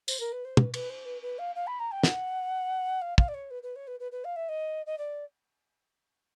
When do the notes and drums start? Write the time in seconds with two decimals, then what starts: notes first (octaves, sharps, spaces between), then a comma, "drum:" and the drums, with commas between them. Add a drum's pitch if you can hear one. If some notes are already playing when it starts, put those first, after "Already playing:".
0.08 C5, drum: tambourine
0.20 A#4
0.32 B4
0.45 C5
0.57 B4, drum: tom
0.74 B4, drum: cymbal
0.90 C5
1.05 B4
1.22 B4
1.38 F5
1.55 F5
1.67 B5
1.79 A#5
1.91 G5
2.03 F#5, drum: snare
3.01 F5
3.18 F5, drum: kick
3.28 D5
3.34 C#5
3.51 B4
3.63 B4
3.76 C#5
3.87 B4
4.00 B4
4.12 B4
4.24 F5
4.36 E5
4.49 D#5
4.86 D#5
4.98 D5